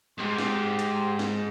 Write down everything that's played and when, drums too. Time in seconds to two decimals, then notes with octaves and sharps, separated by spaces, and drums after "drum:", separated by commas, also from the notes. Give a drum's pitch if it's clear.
0.18 B1 G#2 G4 C6
0.38 drum: snare
0.79 drum: hi-hat
1.19 drum: snare